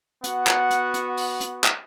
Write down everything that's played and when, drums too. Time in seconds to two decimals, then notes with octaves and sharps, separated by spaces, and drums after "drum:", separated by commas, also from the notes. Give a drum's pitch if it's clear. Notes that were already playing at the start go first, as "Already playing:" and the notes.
0.24 B3 F#4 F#5, drum: hi-hat
0.47 drum: clap
0.70 drum: hi-hat
0.94 drum: hi-hat
1.17 drum: open hi-hat
1.41 drum: hi-hat
1.64 drum: clap